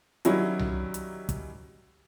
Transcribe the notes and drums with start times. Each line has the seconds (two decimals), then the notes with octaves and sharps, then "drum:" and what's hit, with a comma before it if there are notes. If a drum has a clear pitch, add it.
0.25 D#3 F#3 G3 C#4 E4, drum: hi-hat
0.59 drum: tom C2
0.94 drum: hi-hat
1.29 drum: kick, hi-hat